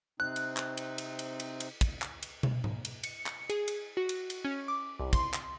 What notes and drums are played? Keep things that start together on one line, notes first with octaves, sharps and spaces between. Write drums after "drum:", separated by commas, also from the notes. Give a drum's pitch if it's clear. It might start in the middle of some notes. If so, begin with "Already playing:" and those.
C3 C4 D#4 F#6
drum: cymbal
drum: clap
drum: cymbal
drum: cymbal
drum: cymbal
drum: cymbal
drum: cymbal
drum: kick, cymbal
drum: clap
drum: cymbal
drum: tom
drum: tom G#2
drum: cymbal
C#7, drum: cymbal
drum: clap
G#4, drum: cymbal
drum: cymbal
F#4
drum: cymbal
drum: cymbal
C#4
D6
C2
C6, drum: kick, cymbal
drum: clap